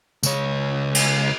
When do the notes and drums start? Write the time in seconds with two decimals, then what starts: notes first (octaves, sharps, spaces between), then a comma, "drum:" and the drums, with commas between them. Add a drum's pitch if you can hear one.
0.23 C#2 C#5, drum: tambourine
0.95 drum: cymbal